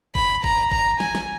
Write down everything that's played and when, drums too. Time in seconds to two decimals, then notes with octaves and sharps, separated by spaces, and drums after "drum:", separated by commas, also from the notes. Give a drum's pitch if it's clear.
0.15 B5, drum: kick G1
0.44 A#5, drum: kick G1
0.72 A#5, drum: kick G1
1.00 G#5, drum: snare
1.15 drum: snare